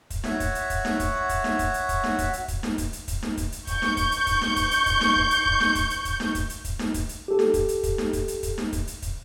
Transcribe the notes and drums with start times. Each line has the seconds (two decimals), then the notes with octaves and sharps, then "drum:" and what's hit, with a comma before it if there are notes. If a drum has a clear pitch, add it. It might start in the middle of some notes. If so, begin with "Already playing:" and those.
0.10 drum: kick, hi-hat
0.24 F#4 C#5 E5 F#5, drum: snare D#4
0.40 drum: kick, hi-hat
0.55 drum: hi-hat
0.70 drum: kick, hi-hat
0.85 drum: snare D#4
1.00 drum: kick, hi-hat
1.29 drum: kick, hi-hat
1.44 drum: snare D#4
1.59 drum: kick, hi-hat
1.74 drum: hi-hat
1.89 drum: kick, hi-hat
2.04 drum: snare D#4
2.18 drum: kick, hi-hat
2.33 drum: hi-hat
2.48 drum: kick, hi-hat
2.63 drum: snare D#4
2.78 drum: kick, hi-hat
2.93 drum: hi-hat
3.08 drum: kick, hi-hat
3.23 drum: snare D#4
3.37 drum: kick, hi-hat
3.52 drum: hi-hat
3.67 C#6 G6, drum: kick, hi-hat
3.82 drum: snare D#4
3.97 drum: kick, hi-hat
4.12 drum: hi-hat
4.27 drum: kick, hi-hat
4.41 drum: snare D#4
4.56 drum: kick, hi-hat
4.71 drum: hi-hat
4.86 drum: kick, hi-hat
5.01 drum: snare D#4
5.16 drum: kick
5.31 drum: hi-hat
5.46 drum: kick
5.60 drum: snare D#4
5.75 drum: kick, hi-hat
5.90 drum: hi-hat
6.05 drum: kick, hi-hat
6.20 drum: snare D#4
6.35 drum: kick, hi-hat
6.50 drum: hi-hat
6.64 drum: kick, hi-hat
6.79 drum: snare D#4
6.94 drum: kick, hi-hat
7.09 drum: hi-hat
7.28 G4 A4
7.39 drum: snare D#4
7.54 drum: kick, hi-hat
7.68 drum: hi-hat
7.83 drum: kick, hi-hat
7.98 drum: snare D#4
8.13 drum: kick, hi-hat
8.28 drum: hi-hat
8.43 drum: kick, hi-hat
8.58 drum: snare D#4
8.73 drum: kick, hi-hat
8.87 drum: hi-hat
9.02 drum: kick, hi-hat